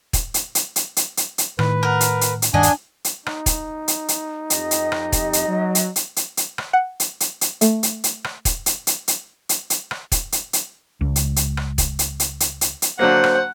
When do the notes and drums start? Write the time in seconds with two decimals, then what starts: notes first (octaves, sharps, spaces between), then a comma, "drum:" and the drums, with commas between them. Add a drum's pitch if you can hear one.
0.13 drum: kick, hi-hat
0.34 drum: hi-hat
0.55 drum: hi-hat
0.76 drum: hi-hat
0.97 drum: hi-hat
1.17 drum: hi-hat
1.38 drum: hi-hat
1.59 A2 D#3 B4, drum: rim click
1.83 A#4 F#5
2.01 drum: hi-hat
2.21 drum: hi-hat
2.42 drum: hi-hat
2.54 D#1 G2 D#3 D4 D#5 F#5 G#5
2.63 drum: hi-hat
3.04 drum: hi-hat
3.26 D#4, drum: rim click
3.46 drum: kick, hi-hat
3.88 drum: hi-hat
4.08 drum: hi-hat
4.50 F2 G4 D#5, drum: hi-hat
4.71 drum: hi-hat
4.92 drum: rim click
5.12 drum: kick, hi-hat
5.33 drum: hi-hat
5.47 F#3
5.75 drum: hi-hat
5.96 drum: hi-hat
6.16 drum: hi-hat
6.37 drum: hi-hat
6.58 drum: rim click
6.73 F#5
7.00 drum: hi-hat
7.20 drum: hi-hat
7.41 drum: hi-hat
7.61 A3, drum: hi-hat
7.83 drum: hi-hat
8.04 drum: hi-hat
8.24 drum: rim click
8.45 drum: kick, hi-hat
8.66 drum: hi-hat
8.87 drum: hi-hat
9.08 drum: hi-hat
9.49 drum: hi-hat
9.70 drum: hi-hat
9.91 drum: rim click
10.12 drum: kick, hi-hat
10.32 drum: hi-hat
10.53 drum: hi-hat
11.01 C#2
11.16 drum: hi-hat
11.36 drum: hi-hat
11.57 drum: rim click
11.78 drum: kick, hi-hat
11.99 drum: hi-hat
12.20 drum: hi-hat
12.40 drum: hi-hat
12.61 drum: hi-hat
12.82 drum: hi-hat
12.99 D3 F#3 A#3 C5 F#5
13.24 drum: rim click